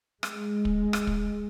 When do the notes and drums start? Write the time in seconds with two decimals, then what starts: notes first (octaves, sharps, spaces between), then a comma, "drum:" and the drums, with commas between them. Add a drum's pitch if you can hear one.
0.23 G#3, drum: rim click
0.65 drum: kick
0.93 drum: rim click
1.07 drum: kick